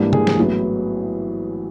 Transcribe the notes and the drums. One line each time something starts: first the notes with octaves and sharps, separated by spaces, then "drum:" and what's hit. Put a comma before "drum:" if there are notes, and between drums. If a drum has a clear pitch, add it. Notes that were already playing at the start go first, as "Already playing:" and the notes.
Already playing: G#2 E3 G3 A#3 D4
G#4, drum: tom
drum: snare
A1 A2 F#3 B3